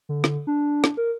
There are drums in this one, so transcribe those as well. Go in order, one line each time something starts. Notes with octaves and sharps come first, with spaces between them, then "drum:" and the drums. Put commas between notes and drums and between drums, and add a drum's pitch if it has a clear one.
D3
drum: rim click
D4
drum: rim click
A#4